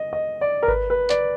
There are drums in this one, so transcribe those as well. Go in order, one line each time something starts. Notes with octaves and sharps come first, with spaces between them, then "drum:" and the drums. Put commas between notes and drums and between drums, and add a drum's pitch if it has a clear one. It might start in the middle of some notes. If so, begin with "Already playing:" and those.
Already playing: D#5
D#5
D5
A#4
B4, drum: kick G#1
B4
D5, drum: clap